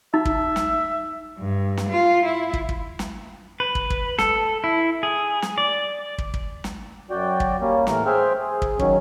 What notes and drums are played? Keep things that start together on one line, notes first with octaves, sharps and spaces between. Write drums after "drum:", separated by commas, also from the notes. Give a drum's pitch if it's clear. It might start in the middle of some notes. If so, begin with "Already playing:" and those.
D#4 E5
drum: kick
drum: snare
G2
drum: snare
F4
E4
drum: kick
drum: kick
drum: snare
B4
drum: kick
drum: kick
A4, drum: snare
E4
G#4
drum: snare
D5
drum: kick
drum: kick
drum: snare
F#2 F#4 D5 G5
drum: kick
G3 A#3 C#4
A2 E3 A#4, drum: snare
G#4 C5 E5 G5 F6
G#4
drum: kick
D#3 F#3 C#4, drum: kick